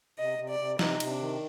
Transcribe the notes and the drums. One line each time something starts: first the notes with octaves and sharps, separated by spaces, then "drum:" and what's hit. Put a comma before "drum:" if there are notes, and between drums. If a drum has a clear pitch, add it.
C3 D#5
C3
D5
C3
C3 D#4, drum: snare
C3, drum: cymbal
D4
D#3